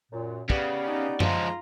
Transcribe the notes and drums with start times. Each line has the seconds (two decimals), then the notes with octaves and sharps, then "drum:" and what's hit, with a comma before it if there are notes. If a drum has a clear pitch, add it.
0.12 F#2 A#2
0.50 C#3 B3 G4 D5, drum: kick
0.86 C#4 D#4
1.20 F3 G#3 F4 A#5, drum: tom F#2